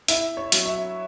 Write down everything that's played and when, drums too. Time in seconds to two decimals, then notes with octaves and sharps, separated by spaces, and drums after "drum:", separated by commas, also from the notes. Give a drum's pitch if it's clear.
0.08 E4 E5, drum: hi-hat
0.37 C#5
0.52 F#3, drum: hi-hat
0.66 E5